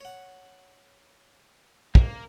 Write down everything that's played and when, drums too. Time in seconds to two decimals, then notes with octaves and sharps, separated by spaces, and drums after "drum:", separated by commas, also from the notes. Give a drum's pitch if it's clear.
0.01 C#5 F#5
1.95 A#3, drum: kick